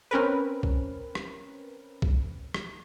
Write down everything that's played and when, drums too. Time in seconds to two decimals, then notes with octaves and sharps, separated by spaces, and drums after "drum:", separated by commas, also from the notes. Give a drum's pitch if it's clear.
0.11 C4 C#4 A#4 B4
0.63 drum: kick C2
1.15 drum: rim click
2.02 drum: kick C2
2.54 drum: rim click